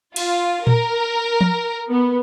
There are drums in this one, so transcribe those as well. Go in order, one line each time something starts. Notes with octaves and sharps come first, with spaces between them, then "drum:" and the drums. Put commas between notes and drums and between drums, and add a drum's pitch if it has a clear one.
F4, drum: cymbal
A#4, drum: tom A#2
drum: tom
B3